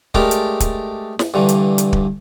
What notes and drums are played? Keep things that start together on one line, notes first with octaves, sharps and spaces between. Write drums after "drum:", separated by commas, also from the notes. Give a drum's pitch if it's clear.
G#3 A3 D4 G4 A#4, drum: kick
drum: hi-hat
drum: kick, hi-hat
drum: snare
G2 D3 E3
drum: hi-hat
drum: hi-hat
drum: kick